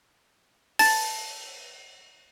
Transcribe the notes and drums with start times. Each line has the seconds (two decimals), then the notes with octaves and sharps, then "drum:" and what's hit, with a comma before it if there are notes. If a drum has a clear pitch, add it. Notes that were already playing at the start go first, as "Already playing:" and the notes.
0.79 A5 A6, drum: open hi-hat